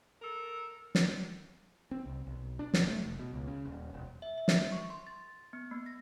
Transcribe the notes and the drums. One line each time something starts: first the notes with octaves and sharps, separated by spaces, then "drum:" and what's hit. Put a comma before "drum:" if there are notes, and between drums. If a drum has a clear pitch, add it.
A4 A#4
drum: snare
C4
C2
B1
D4
E1, drum: snare
A3
F1
B2
C#2
C#3
D#1
E1
E5
E5
drum: snare
C#6
C6
A6
B3
A#3
A#6